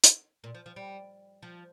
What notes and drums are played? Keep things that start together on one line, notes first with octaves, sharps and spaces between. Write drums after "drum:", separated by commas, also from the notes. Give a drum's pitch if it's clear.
drum: hi-hat
A#2
F3
F3
G3
F3